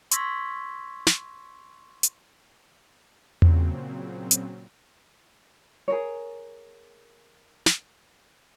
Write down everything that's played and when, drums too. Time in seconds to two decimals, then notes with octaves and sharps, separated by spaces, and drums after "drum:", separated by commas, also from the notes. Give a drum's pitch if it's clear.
0.11 C6 C#6 E6 G#6 A#6 B6, drum: hi-hat
1.07 drum: snare
2.03 drum: hi-hat
3.42 A#2 C#3 F#3 C4, drum: tom E2
4.31 drum: hi-hat
5.88 G#4 A#4 C#5
7.66 drum: snare